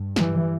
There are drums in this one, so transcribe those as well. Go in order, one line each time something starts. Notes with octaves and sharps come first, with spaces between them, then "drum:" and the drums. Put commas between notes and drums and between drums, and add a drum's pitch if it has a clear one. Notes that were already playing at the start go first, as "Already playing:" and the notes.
Already playing: G2
E3 G3, drum: snare